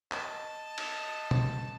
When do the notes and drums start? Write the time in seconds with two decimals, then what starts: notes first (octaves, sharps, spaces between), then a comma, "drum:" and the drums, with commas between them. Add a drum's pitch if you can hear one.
0.12 D#5 A5, drum: clap
0.78 drum: cymbal
1.31 drum: tom